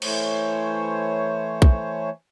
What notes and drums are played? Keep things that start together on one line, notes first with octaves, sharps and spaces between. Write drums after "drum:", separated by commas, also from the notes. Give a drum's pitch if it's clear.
E3 A3 C5 C#5, drum: cymbal
drum: kick